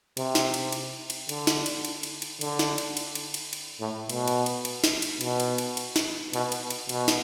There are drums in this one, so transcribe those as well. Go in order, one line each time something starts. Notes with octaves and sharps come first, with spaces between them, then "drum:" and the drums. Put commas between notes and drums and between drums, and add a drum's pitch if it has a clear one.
C3, drum: cymbal
drum: snare
drum: cymbal
drum: cymbal
drum: cymbal
D3, drum: cymbal
drum: snare
drum: cymbal
drum: cymbal
drum: cymbal
drum: cymbal
D3, drum: cymbal
drum: snare
drum: cymbal
drum: cymbal
drum: cymbal
drum: cymbal
drum: cymbal
A2
B2, drum: cymbal
drum: cymbal
drum: cymbal
drum: cymbal
drum: snare
drum: cymbal
B2, drum: cymbal
drum: cymbal
drum: cymbal
drum: cymbal
drum: snare
B2, drum: cymbal
drum: cymbal
drum: cymbal
B2, drum: cymbal
drum: snare